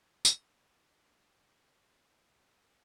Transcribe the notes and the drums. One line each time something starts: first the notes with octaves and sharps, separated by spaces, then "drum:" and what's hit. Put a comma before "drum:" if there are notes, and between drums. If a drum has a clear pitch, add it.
D4 F4, drum: tambourine